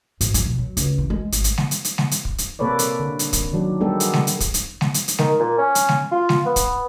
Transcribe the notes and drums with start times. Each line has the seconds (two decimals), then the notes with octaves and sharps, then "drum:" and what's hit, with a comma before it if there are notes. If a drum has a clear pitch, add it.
0.21 G#2, drum: hi-hat
0.34 F3, drum: hi-hat
0.46 B2
0.59 F#3
0.77 C#2, drum: hi-hat
0.98 E3
1.10 G#3
1.32 G#1, drum: hi-hat
1.44 drum: hi-hat
1.58 drum: snare
1.71 drum: hi-hat
1.84 drum: hi-hat
1.98 drum: snare
2.11 drum: hi-hat
2.25 drum: kick
2.38 drum: hi-hat
2.59 C3 A#3 A4 B4 C#5 D5
2.79 drum: hi-hat
3.00 D3
3.19 drum: hi-hat
3.33 drum: kick, hi-hat
3.53 D#3 F#3 D4
3.80 G3 G#3 B3 D4 G4 A4
4.00 drum: hi-hat
4.13 drum: snare
4.27 drum: hi-hat
4.40 drum: kick, hi-hat
4.54 drum: hi-hat
4.81 drum: snare
4.94 drum: hi-hat
5.08 drum: hi-hat
5.18 D#3, drum: snare
5.39 A#2
5.58 C#4
5.75 drum: hi-hat
5.89 drum: snare
6.11 F4
6.29 drum: snare
6.46 B3
6.56 drum: kick, hi-hat